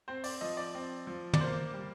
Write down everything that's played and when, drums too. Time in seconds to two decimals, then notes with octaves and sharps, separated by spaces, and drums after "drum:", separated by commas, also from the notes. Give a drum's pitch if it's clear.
0.08 C4 C5
0.24 D5, drum: open hi-hat
0.41 F3 D#5
0.57 D5
0.75 C4
1.07 F3
1.33 D5, drum: tom
1.41 A#3 C5
1.74 G3